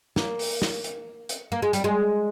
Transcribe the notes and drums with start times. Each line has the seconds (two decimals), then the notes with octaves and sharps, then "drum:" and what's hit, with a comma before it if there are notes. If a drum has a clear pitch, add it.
0.16 A#3, drum: snare
0.39 drum: open hi-hat
0.62 drum: snare
0.84 drum: hi-hat
1.29 drum: hi-hat
1.52 A#3
1.62 G#3
1.73 G3, drum: hi-hat
1.84 G#3